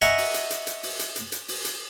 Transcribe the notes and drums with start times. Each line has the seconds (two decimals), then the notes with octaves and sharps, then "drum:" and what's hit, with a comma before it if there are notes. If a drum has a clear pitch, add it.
0.02 D#5 E5 F#5 G#5 A#5 C#6, drum: hi-hat
0.18 drum: open hi-hat
0.34 drum: hi-hat
0.50 drum: hi-hat
0.67 drum: hi-hat
0.83 drum: open hi-hat
0.99 drum: hi-hat
1.16 drum: hi-hat
1.32 drum: hi-hat
1.48 drum: open hi-hat
1.65 drum: hi-hat